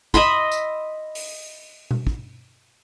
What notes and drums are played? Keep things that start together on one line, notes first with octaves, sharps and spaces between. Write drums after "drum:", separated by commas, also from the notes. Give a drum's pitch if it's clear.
D#5 E5 B5 C6, drum: kick
drum: tambourine
drum: open hi-hat
drum: tom B2
drum: kick